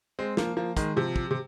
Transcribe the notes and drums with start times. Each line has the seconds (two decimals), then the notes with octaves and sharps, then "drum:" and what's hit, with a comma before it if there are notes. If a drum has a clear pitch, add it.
0.19 G#3 C4
0.37 F3 A#3, drum: snare
0.57 F3 A#3
0.77 D#3 G#3, drum: kick, hi-hat
0.96 C3 F3
1.16 drum: kick
1.31 C3